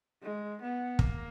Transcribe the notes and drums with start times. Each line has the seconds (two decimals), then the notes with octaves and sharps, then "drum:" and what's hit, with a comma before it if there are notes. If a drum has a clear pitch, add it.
0.23 G#3
0.61 B3
0.99 A#3, drum: kick